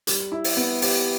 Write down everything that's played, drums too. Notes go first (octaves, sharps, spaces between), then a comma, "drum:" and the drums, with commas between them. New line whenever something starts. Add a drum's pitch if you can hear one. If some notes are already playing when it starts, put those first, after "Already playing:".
G3, drum: hi-hat
E4
drum: open hi-hat
B3
G4, drum: open hi-hat